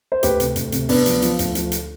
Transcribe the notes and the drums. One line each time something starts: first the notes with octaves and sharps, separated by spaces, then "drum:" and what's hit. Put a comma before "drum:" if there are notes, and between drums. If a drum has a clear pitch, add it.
C5
D2 G4 B4, drum: hi-hat
C3, drum: hi-hat
D2, drum: hi-hat
C3, drum: hi-hat
D2 B3 D4, drum: open hi-hat
F3, drum: hi-hat
F3, drum: hi-hat
D2, drum: hi-hat
F3, drum: hi-hat
drum: hi-hat